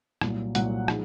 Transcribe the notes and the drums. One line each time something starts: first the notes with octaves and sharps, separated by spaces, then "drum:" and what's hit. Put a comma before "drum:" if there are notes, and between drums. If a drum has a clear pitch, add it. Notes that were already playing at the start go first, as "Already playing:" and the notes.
C2 A#2 F#3, drum: rim click
C2 A#2 F#3 F#5, drum: hi-hat
F3 G#3 D#4, drum: rim click